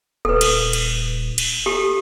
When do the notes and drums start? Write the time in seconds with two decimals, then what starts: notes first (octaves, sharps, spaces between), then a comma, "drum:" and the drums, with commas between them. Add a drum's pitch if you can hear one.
0.25 D#1 A4 B4
0.41 drum: cymbal
0.73 drum: cymbal
1.38 drum: cymbal
1.66 G4 A4